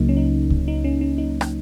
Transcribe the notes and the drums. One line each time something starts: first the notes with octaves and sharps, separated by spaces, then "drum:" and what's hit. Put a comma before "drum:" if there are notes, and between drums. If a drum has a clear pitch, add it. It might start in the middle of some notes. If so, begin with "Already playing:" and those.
Already playing: C#2 C#3 F#3 A#3 D#4
C#4
D#4
drum: kick C#2
D#4
C#4
C#4
D#4
drum: rim click